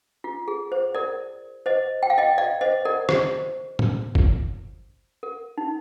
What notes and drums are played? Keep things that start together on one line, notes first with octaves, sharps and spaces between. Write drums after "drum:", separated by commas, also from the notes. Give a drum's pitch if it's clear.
F4
G#4
C5
A#4 D5
C5 D#5
G5
F5
D#5 G5
D5 F5
C5 D#5
A#4 D5
C5, drum: rim click
drum: tom
drum: kick G1
A#4
D#4